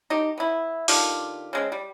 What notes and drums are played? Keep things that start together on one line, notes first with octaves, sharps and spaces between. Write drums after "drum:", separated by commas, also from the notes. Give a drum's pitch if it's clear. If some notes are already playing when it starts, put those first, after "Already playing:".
D#4 G4
B3 E4
D3 D#3 F4 G4, drum: open hi-hat
C#3 G#3 C4
G3